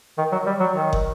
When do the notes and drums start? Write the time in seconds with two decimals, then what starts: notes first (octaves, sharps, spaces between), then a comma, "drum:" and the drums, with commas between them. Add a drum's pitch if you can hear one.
0.18 D#3
0.32 F#3
0.46 G3
0.60 F#3
0.74 D#3
0.93 drum: kick